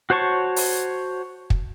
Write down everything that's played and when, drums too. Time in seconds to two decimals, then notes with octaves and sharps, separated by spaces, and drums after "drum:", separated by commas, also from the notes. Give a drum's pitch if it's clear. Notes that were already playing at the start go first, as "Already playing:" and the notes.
0.10 F#4 C5 C#5 A5 C#6
0.56 drum: open hi-hat
1.50 drum: kick